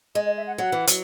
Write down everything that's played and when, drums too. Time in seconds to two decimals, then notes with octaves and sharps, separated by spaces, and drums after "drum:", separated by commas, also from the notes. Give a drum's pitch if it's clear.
0.15 G#3 D#5
0.26 D#5
0.37 E5
0.47 F#5
0.58 F#3 F#5
0.72 E3
0.87 F#3, drum: hi-hat